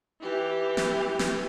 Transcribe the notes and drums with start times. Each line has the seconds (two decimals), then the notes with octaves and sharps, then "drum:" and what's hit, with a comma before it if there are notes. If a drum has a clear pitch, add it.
0.21 E3 G4
0.77 drum: snare
1.19 drum: snare